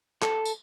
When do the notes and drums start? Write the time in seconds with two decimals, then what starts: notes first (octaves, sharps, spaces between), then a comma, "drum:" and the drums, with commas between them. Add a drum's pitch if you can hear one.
0.22 A4, drum: clap
0.45 drum: tambourine